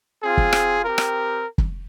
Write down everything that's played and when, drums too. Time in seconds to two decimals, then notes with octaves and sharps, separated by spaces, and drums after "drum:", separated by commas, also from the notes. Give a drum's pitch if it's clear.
0.22 C4 F4 G#4
0.37 drum: kick
0.53 drum: rim click
0.83 C4 G4 A#4
0.98 drum: rim click
1.58 drum: kick